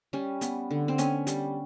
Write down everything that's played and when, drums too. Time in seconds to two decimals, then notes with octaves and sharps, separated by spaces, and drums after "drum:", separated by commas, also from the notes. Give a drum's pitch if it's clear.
0.13 G3 C#4
0.41 B3, drum: hi-hat
0.71 D3
0.88 C4
0.98 B3 C#4, drum: hi-hat
1.27 G3, drum: hi-hat